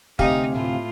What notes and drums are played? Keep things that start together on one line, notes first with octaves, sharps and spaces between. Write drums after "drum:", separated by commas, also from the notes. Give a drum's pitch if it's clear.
D2 C3 D#4 G4 F5 G#5, drum: kick
A2 F4